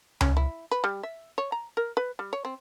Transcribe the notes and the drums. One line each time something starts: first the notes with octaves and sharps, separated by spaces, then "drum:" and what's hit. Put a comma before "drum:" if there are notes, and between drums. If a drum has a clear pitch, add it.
C#4, drum: tom C#2
E4
B4
G3
E5
C#5
A#5
A#4
B4
G3
C#5
C4